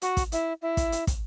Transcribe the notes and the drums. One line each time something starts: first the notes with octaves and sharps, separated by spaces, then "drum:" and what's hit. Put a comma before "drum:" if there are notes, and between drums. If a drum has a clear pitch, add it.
F#4, drum: hi-hat
drum: kick, hi-hat
E4, drum: hi-hat
E4
drum: kick, hi-hat
drum: hi-hat
drum: kick, hi-hat